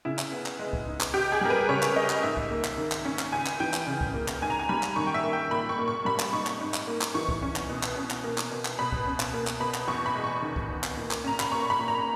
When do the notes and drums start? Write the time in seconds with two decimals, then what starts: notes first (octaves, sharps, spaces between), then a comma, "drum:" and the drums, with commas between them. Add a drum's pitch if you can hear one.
0.05 C#3 E4
0.19 drum: clap
0.32 B3
0.46 drum: clap
0.59 G#3
0.73 drum: kick C#2
0.87 D#4
1.01 drum: clap
1.14 C#2 G4
1.32 G#4
1.41 G3 A#4
1.50 B4
1.69 C#3 C#5
1.82 drum: clap
1.96 C#2 D#5
2.10 drum: clap
2.23 G#2 E5
2.37 drum: kick C#2
2.50 A#3
2.64 drum: clap
2.78 D#3
2.92 drum: clap
3.05 C#4
3.19 drum: clap
3.32 C#2 G#5
3.46 drum: clap
3.60 E3 G5
3.74 drum: clap
3.87 C#3
4.01 drum: kick C#2
4.14 A#3
4.28 drum: clap
4.42 G#2 G#5
4.50 A#5
4.59 G#5
4.69 G3 B5
4.83 drum: clap
4.96 D#3 C#6
5.07 G5
5.14 E5
5.24 A#3
5.33 G5
5.51 A#2 B5
5.69 C#6
5.79 A#3
5.88 C#6
6.05 G3 B5
6.19 drum: clap
6.33 D#4 C#6
6.47 drum: clap
6.61 G#2
6.74 drum: clap
6.87 A#3
7.01 drum: clap
7.14 E3 C#6
7.29 drum: kick C#2
7.42 C#4
7.56 drum: clap
7.69 B2
7.83 drum: clap
7.97 C#4
8.10 drum: clap
8.24 A#3
8.38 drum: clap
8.51 B2
8.65 drum: clap
8.79 B2 B5
8.92 drum: kick C#2
9.06 C#4
9.20 drum: clap
9.34 A#3
9.47 drum: clap
9.60 B2 B5
9.74 drum: clap
9.88 E2 C#6
10.06 B5
10.15 G#3
10.24 C#6
10.42 D#3
10.56 drum: kick C#2
10.70 B3
10.84 drum: clap
10.97 A#2
11.11 drum: clap
11.24 C#4 A#5
11.40 B5, drum: clap
11.52 A#3 C#6
11.70 B5
11.79 A#2
11.88 A#5